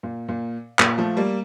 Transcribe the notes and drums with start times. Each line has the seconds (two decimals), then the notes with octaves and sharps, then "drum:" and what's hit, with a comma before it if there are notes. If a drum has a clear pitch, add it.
0.03 A#2
0.29 A#2
0.79 A#2, drum: clap
0.98 F3 A3
1.17 G3 A#3